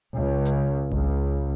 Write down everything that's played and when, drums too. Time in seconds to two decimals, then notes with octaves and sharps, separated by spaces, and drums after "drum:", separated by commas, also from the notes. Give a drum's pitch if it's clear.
0.15 C#2
0.45 drum: hi-hat
0.92 C#2, drum: kick G#1